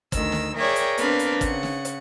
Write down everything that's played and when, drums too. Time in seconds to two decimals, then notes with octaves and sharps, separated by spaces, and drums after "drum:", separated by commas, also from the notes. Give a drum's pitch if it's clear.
0.12 D2 D#3 E6, drum: kick, hi-hat
0.32 drum: snare
0.57 G#4 A#4 C#5 D5 E5 G5
0.76 drum: hi-hat
0.98 B3 C4 D4 A#4 B4 F5, drum: hi-hat
1.19 drum: hi-hat
1.41 C#3 F#5, drum: kick, hi-hat
1.63 drum: snare
1.85 drum: hi-hat